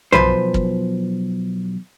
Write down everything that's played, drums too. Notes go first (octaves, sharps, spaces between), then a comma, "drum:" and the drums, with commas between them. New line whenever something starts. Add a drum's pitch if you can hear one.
B1 F#2 F3 B4 C5, drum: tom B1
drum: kick